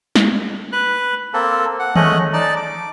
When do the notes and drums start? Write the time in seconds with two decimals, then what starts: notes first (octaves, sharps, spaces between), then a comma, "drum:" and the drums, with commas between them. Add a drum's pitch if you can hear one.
0.16 drum: snare
0.72 B4 F#6
1.34 A#3 C4 A4
1.79 F#5
1.96 G#3 A3 C#4 D#5 F#6, drum: tom D#3
2.33 D#4 D5 A5
2.56 D6